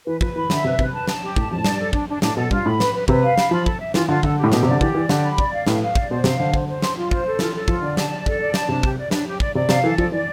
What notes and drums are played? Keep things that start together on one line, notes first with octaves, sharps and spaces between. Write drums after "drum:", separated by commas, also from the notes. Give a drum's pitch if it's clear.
E3 B4
F3 B4, drum: kick
E3 B5
D3 E5, drum: snare
C3 B4
C3 B4, drum: kick
A5
A5, drum: snare
G4
A2 A5, drum: kick
F2 A5
A2
G2 D5, drum: snare
A4
D4, drum: kick
D4
A2 D4, drum: snare
B2 A4
G2 F4, drum: kick
A2 B5
B4, drum: snare
B4
C3 B4, drum: kick
F5
B5, drum: snare
F3 F4
A4, drum: kick
E5
E3 F4, drum: snare
D3 F4
D3 A4, drum: kick
G4
A2
B2 G4, drum: snare
C3 D5
D3
E3 G4, drum: kick
E3 D5
D3 G4, drum: snare
B5
D5, drum: kick
F5
A2 B4, drum: snare
F5
D5, drum: kick
B2 C5
C3 F5, drum: snare
D3 C5
C5, drum: kick
C5
C6, drum: snare
F4
C5, drum: kick
A4
E3 F4, drum: snare
A4
F3 F4, drum: kick
D3 D5
A5, drum: snare
D5
A4, drum: kick
D5
A5, drum: snare
C3 D4
G4, drum: kick
D5
D4, drum: snare
G4
D5, drum: kick
C3 D5
C3 F5, drum: snare
E3 A4
F3 D5, drum: kick
E3 D5